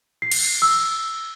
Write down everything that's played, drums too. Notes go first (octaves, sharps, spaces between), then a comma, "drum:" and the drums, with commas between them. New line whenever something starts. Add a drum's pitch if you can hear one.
C7
drum: cymbal
E6